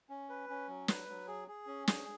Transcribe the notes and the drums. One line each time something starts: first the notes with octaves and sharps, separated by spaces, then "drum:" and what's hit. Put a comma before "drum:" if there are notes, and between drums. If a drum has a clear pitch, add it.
C#4
B4
C#4
F#3
B4, drum: snare
F#3
G#4
G#4
C#4
G#4, drum: snare